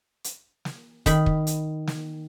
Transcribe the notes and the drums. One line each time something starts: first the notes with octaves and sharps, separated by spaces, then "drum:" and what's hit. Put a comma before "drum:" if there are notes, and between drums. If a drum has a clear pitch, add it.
drum: hi-hat
drum: snare
D#3 B5, drum: kick, hi-hat
drum: kick
drum: hi-hat
drum: snare